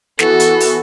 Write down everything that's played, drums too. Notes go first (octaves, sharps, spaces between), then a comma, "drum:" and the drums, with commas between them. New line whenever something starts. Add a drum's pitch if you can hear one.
E3 B3 F#4 A4, drum: snare
drum: hi-hat
drum: open hi-hat